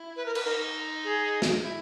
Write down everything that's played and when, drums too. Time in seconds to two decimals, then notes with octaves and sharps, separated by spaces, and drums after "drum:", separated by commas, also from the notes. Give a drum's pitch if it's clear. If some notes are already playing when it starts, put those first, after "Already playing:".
Already playing: E4
0.16 B4
0.26 A#4
0.35 B4, drum: cymbal
0.45 D#4 A#4
1.04 G#4
1.42 drum: snare
1.64 E4